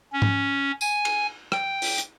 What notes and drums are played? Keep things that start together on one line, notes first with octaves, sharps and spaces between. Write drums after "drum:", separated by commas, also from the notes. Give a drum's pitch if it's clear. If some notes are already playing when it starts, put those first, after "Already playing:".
C#4
drum: tom G#2
G#5, drum: tambourine
drum: cymbal
G5, drum: rim click
drum: open hi-hat
drum: hi-hat